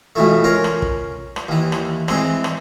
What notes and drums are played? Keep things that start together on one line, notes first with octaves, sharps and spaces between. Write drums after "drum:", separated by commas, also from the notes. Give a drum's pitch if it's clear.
C#2 B2 E3 A3
C#4 F4 A#4
drum: rim click
drum: kick
drum: rim click
D#2 E3
drum: rim click
E3 G#3 C4, drum: rim click
drum: rim click